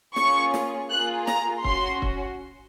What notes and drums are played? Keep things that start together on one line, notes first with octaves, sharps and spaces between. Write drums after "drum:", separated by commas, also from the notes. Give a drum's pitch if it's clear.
A#3 C#4 F4 G#4 C#6, drum: snare
drum: snare
A#3 F4 G#4 F#6
A#5, drum: snare
C#4 F#4 C6, drum: kick
drum: kick